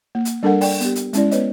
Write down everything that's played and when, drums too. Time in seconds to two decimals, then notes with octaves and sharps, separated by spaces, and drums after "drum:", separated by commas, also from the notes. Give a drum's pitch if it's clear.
0.15 A#3
0.25 drum: hi-hat
0.43 G3 D4 A4 A#4 F#5
0.61 D5 G5, drum: open hi-hat
0.80 B3 G4, drum: hi-hat
0.95 drum: hi-hat
1.13 G#3 C#4 E4 D5, drum: hi-hat
1.31 B3 B4 C#5 D#5, drum: hi-hat